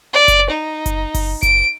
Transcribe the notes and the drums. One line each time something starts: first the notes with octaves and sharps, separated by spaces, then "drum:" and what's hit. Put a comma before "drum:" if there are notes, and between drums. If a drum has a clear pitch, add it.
D5
drum: kick F#1, hi-hat
D#4
drum: kick F#1, hi-hat
drum: kick F#1, open hi-hat
D7, drum: kick F#1, hi-hat